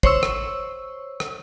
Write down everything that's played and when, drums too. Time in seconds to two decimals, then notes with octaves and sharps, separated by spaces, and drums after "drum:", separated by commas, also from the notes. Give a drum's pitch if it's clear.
0.03 C5 C#5 C#6 E6, drum: kick
0.23 drum: rim click
1.20 drum: rim click